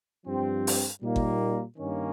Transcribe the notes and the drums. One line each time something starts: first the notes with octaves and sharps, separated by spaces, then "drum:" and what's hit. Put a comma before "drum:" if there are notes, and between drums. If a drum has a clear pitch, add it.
G2 F3 C4 G4
drum: open hi-hat
A#2 G3 A#3 D#4
drum: kick G1
G2 D#3 A#3 C#4